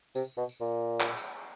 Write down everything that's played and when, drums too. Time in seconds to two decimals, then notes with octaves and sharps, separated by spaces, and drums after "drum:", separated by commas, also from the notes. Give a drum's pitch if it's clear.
0.15 C3, drum: tambourine
0.37 B2
0.49 drum: tambourine
0.61 A#2
1.00 drum: clap
1.18 drum: tambourine